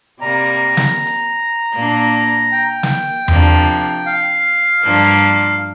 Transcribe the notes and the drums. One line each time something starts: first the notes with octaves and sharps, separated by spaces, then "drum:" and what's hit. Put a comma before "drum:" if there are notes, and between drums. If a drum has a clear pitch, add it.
C3 G3 A#3 A#5
drum: snare
drum: hi-hat
A#2 A#3 D4
G5
drum: snare
C3 F3 A#3 D4, drum: tom E2
F5
G2 F3 A#3 D4